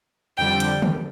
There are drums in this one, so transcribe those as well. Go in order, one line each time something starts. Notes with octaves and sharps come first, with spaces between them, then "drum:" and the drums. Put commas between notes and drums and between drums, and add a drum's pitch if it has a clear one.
F2 D3 G3 G5
drum: hi-hat
drum: tom D3